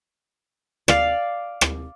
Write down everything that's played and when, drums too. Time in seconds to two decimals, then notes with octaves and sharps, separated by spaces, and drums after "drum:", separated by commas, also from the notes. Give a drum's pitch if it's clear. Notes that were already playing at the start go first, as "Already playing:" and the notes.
0.88 D5 F5, drum: rim click
1.61 drum: rim click